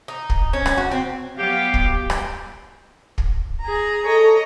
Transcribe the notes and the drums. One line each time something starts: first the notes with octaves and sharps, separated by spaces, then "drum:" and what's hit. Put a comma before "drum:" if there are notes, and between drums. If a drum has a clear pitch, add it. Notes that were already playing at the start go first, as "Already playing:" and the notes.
D#4
drum: kick
C#4
drum: rim click
F#4
C4
F#3 B3 G4 F5
drum: kick
drum: rim click
drum: kick
G#4 A#5
A4 C#5 D#5 A#5